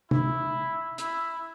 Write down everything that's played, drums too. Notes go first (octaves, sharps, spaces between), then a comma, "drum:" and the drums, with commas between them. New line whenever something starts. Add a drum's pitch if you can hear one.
E4, drum: tom C3
E4, drum: hi-hat